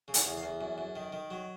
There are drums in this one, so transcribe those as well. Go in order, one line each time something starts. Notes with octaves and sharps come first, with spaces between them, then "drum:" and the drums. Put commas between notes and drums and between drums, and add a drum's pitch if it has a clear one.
C#3
F#5, drum: hi-hat
E2
F5
E2
F#2
F#2
D#3
D#3
F#3